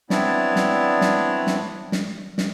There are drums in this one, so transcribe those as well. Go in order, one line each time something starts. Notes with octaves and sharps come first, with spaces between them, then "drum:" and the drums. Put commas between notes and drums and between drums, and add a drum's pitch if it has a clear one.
B3 C4 D4 E4 C#5 D5, drum: snare
drum: snare
drum: snare
drum: snare
drum: snare
drum: snare